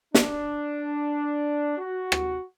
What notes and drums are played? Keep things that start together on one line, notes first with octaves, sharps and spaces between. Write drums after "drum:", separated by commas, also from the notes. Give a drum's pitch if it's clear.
D4, drum: snare
F#4
drum: rim click